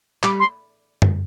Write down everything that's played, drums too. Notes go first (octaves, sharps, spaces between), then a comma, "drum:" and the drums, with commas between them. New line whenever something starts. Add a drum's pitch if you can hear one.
G3 D6, drum: clap
C6
drum: tom F#2